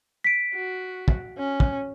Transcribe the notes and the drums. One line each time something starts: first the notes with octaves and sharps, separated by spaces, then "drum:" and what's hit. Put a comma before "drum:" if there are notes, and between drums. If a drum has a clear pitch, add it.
B6 D7
F#4
drum: kick
C#4
drum: kick